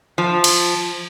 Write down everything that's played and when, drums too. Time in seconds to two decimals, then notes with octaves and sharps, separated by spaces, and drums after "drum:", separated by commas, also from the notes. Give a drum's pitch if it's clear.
0.18 F3
0.44 drum: cymbal